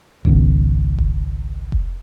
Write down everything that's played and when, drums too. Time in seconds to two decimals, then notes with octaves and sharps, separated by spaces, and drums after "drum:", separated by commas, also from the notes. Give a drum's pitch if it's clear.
0.25 G#1 C#2 D#3 B3, drum: kick F1
0.98 drum: kick F1
1.72 drum: kick F1